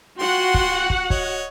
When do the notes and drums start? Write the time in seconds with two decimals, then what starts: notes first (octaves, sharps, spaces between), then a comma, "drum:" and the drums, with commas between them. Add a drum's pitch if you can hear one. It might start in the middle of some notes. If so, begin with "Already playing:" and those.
0.19 F4 F#4 F#5 G5 C6
0.54 drum: kick
0.90 drum: kick
1.10 C#5 D#5, drum: kick